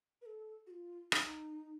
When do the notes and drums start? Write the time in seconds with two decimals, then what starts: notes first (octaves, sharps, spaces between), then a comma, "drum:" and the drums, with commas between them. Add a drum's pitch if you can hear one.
0.22 B4
0.26 A4
0.67 F#4
0.71 F4
1.12 D#4, drum: rim click